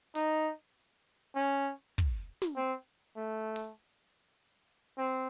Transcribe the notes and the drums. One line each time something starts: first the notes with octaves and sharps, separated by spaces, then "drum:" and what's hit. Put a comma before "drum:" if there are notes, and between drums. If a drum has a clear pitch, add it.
D#4, drum: hi-hat
C#4
drum: kick
drum: snare
C4
A3
drum: open hi-hat
C4